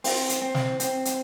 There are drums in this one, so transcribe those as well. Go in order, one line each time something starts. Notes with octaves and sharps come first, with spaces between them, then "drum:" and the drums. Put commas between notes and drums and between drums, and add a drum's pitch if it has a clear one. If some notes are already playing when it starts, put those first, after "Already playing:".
C4, drum: open hi-hat
drum: hi-hat
C4
drum: snare
C4, drum: hi-hat
drum: hi-hat